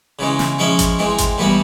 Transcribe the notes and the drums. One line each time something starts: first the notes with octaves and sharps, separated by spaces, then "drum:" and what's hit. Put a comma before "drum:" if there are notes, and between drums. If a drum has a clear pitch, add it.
C#3 E3 G#3
drum: snare
F3 G#3 C#4 E4
drum: kick G#1, hi-hat
E3 G#3 C4
drum: kick G#1, hi-hat
A2 E3 G3 B3